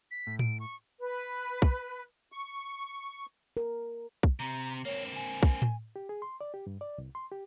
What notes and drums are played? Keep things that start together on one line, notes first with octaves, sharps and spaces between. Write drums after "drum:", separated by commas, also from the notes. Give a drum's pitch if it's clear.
B6
A2
D7, drum: tom A2
C#6
B4
drum: kick
C#6
A#4
drum: kick
C3 A#5
A#3 C4 C#5
G#5
drum: kick
drum: tom A2
G4
G#4
C6
D5
G4
G2
D5
C2
C6
G4